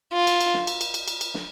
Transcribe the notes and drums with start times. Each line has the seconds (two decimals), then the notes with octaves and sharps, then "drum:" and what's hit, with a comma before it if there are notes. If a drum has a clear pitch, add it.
0.14 F4
0.27 drum: cymbal
0.41 drum: cymbal
0.54 drum: snare
0.67 drum: cymbal
0.81 drum: cymbal
0.94 drum: cymbal
1.08 drum: cymbal
1.21 drum: cymbal
1.34 drum: snare